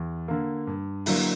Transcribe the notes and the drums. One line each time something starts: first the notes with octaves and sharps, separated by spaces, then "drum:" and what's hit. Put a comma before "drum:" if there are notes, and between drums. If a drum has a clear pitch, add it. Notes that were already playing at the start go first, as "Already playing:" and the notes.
Already playing: E2
D3 A#3
G2
D3 F#3 A#3 E4, drum: open hi-hat